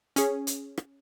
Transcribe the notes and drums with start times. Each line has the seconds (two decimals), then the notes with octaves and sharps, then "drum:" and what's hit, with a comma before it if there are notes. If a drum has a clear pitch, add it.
0.16 C#4 G#4, drum: hi-hat
0.47 drum: hi-hat
0.78 drum: rim click